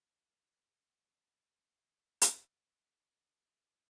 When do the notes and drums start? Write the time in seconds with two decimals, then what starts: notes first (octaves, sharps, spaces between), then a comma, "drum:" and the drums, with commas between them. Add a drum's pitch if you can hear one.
0.23 G3
0.55 G3
0.87 A3
1.19 G3
1.51 A2
2.22 drum: hi-hat
2.48 E3
2.81 C3
3.13 D3
3.45 E3